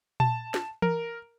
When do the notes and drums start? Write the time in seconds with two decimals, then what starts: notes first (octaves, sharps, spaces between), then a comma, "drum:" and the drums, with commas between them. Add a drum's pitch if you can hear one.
0.20 A5, drum: tom A#2
0.54 drum: snare
0.82 A#4, drum: tom E3